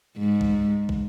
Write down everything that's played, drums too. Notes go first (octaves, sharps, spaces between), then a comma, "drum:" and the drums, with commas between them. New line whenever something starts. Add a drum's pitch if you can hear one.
G#2
drum: kick
drum: kick